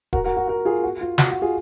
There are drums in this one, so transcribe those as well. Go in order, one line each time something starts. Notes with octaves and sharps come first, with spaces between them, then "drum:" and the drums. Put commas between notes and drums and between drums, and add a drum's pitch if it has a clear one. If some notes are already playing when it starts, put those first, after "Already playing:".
F#4 A#4, drum: kick D#1
F#4 A#4
F#4
F#4 A#4
F4 G#4
F#4
F4
F#4, drum: snare
F#4
F4 G#4